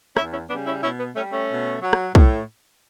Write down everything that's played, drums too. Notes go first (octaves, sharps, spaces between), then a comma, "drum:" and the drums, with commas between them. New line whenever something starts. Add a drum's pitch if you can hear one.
E2 C#4 E4, drum: rim click
C#4 E4
C#3 G3 B3 D4
C#4 E4
B2 C#4 E4
B3
G3 A3 C#4
A3 C#4
B2
F#3
drum: rim click
A2, drum: kick